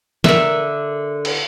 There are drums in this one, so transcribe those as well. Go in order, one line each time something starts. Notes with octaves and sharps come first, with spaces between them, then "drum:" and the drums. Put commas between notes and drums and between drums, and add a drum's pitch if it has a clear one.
D3 A#4 E5, drum: snare
drum: cymbal